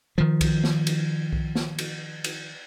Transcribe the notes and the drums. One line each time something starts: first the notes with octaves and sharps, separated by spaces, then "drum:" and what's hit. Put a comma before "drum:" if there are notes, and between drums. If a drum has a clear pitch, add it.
D#3 F3
drum: kick B1, cymbal
drum: snare
drum: cymbal
drum: kick B1
drum: snare
drum: cymbal
drum: cymbal